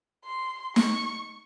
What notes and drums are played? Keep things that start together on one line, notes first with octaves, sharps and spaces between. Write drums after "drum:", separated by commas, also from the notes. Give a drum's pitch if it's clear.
C6
C#6, drum: snare